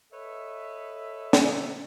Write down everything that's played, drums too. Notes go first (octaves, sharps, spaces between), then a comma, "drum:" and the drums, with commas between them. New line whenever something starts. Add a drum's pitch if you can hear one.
A4 B4 C#5 D#5 E5
drum: snare